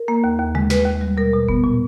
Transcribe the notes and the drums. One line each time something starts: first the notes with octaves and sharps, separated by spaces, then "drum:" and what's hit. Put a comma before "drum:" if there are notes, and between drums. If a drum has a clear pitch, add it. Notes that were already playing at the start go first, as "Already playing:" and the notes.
Already playing: A#4
A#3
D#2
D#2
G#3, drum: tom C3
D#2 B4, drum: snare
D#2
G3
B2 A#4
B2
B3, drum: kick F#1
A#2